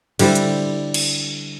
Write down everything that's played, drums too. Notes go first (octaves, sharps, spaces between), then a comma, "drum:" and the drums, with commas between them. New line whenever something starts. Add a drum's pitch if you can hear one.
D3 G3 E4 C5, drum: cymbal
drum: hi-hat
drum: cymbal